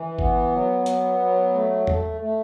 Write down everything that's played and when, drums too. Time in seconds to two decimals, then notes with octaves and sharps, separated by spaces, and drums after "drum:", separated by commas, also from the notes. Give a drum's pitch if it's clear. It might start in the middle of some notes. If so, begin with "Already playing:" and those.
Already playing: E3
0.19 B3, drum: kick
0.52 F#3
0.86 B3, drum: hi-hat
1.19 F#3
1.53 A3
1.87 A3, drum: tom
2.21 A3